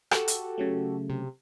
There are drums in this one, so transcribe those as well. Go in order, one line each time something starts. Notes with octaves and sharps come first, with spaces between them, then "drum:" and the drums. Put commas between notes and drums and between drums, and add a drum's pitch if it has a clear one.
F#4 G4 A4, drum: rim click
drum: hi-hat
C#3 F#3 A3
C3